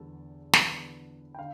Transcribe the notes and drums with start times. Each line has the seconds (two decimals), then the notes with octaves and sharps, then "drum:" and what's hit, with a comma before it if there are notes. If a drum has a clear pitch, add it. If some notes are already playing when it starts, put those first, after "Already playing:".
Already playing: E2 D3 G3 B3 A4
0.53 E2 D3 G3 B3, drum: snare
1.35 G5
1.38 D3 F5